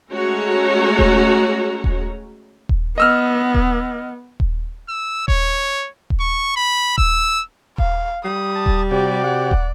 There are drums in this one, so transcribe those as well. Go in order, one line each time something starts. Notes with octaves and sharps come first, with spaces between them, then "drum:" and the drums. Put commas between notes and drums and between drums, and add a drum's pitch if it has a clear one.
G#3 A3 C#4 F#4 C#5 A#5
drum: kick D#1
drum: kick D#1
drum: kick D#1
B3 D#5 E6 F6
drum: kick D#1
drum: kick D#1
E6
C#5, drum: kick D#1
drum: kick D#1
C#6
B5
E6, drum: kick D#1
F5, drum: kick D#1
G3 D#6
A5
drum: kick D#1
C3 F#4 G4 D5
F#5
drum: kick D#1